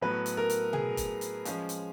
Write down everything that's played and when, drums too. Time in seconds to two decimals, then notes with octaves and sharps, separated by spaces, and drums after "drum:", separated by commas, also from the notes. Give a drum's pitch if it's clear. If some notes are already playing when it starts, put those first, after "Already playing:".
0.01 A2 F#3 B3 B4
0.26 drum: hi-hat
0.37 A#4
0.50 drum: hi-hat
0.73 G#4, drum: tom B2
0.97 drum: kick F1, hi-hat
1.21 drum: hi-hat
1.45 F3 G#3 C#4, drum: hi-hat
1.69 drum: hi-hat